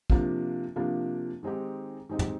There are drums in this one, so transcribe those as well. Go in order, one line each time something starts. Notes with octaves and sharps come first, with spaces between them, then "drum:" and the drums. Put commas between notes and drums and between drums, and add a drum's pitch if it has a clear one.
C3 F3 A#3 D4, drum: kick
C3 F3 A#3 D4
D#3 G#3 C4 D#4 G4
D#3 G#3 C4 D#4 G4
drum: tom